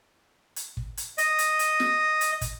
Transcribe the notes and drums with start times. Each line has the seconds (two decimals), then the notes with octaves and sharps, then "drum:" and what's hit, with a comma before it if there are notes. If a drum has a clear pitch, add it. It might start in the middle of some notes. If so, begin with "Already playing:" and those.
0.56 drum: hi-hat
0.77 drum: kick
0.97 drum: hi-hat
1.18 D#5, drum: hi-hat
1.39 drum: hi-hat
1.59 drum: hi-hat
1.80 drum: snare
2.21 drum: hi-hat
2.41 drum: kick, hi-hat